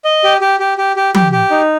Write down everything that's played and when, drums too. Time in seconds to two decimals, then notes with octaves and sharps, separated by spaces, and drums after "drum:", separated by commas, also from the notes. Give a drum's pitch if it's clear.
0.04 D#5
0.24 G4
0.41 G4
0.60 G4
0.78 G4
0.96 G4
1.14 G4, drum: tom F3
1.32 G4
1.50 D#4